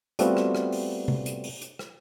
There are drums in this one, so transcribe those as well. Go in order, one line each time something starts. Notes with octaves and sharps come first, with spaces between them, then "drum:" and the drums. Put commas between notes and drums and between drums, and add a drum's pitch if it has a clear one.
G3 A3 B3 C4 F4 F#4, drum: hi-hat
drum: rim click
drum: rim click
drum: open hi-hat
drum: tom C3
drum: hi-hat
drum: open hi-hat
drum: hi-hat
drum: rim click